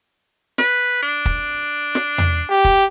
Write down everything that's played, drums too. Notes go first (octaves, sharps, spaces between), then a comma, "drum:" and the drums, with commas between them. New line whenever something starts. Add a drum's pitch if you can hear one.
B4, drum: snare
D4
drum: kick
drum: snare
drum: tom E2
G4
drum: kick